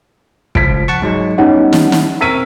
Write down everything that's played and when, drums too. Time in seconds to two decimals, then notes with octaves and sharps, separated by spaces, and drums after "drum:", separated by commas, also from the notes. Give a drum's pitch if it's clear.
0.55 C#2 F3 B6 D7, drum: kick
0.88 F#5 A5 C#6
1.02 G#2 F#3 G#3
1.38 G3 B3 C#4 D#4 F#5
1.73 drum: snare
1.92 drum: snare
2.21 C4 A#4 C#6 E6 B6 D#7